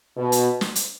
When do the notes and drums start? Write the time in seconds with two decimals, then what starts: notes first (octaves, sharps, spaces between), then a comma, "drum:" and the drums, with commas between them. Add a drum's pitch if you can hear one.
0.17 B2
0.32 drum: hi-hat
0.61 drum: snare
0.75 drum: hi-hat